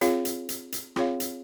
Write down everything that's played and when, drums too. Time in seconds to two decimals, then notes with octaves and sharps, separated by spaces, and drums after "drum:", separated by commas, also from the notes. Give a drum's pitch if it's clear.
0.01 C4 F4 G#4 C#5 F5, drum: hi-hat
0.25 drum: hi-hat
0.49 drum: hi-hat
0.72 drum: hi-hat
0.96 C4 F4 G#4 C#5 F5, drum: rim click
1.20 drum: hi-hat